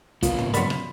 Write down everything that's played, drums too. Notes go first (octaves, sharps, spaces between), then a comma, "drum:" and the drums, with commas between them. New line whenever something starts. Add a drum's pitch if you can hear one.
C#3 A#3 B3 F4, drum: kick, hi-hat
drum: tom
A#2 F#3 B5 C6, drum: hi-hat
drum: rim click